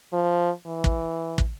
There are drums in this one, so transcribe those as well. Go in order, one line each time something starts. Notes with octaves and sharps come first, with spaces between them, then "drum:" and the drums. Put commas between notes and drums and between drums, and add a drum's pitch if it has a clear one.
F3
E3
drum: kick
drum: kick